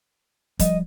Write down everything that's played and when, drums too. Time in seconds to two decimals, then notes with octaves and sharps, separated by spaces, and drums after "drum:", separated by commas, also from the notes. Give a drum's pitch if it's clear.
0.59 F3 G3 D#5, drum: kick, hi-hat